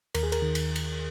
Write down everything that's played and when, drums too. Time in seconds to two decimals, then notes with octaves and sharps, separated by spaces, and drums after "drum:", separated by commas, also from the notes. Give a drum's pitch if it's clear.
0.15 D#2 A#4, drum: cymbal
0.23 G#4
0.32 A#4, drum: cymbal
0.42 D#3
0.55 drum: cymbal
0.76 drum: cymbal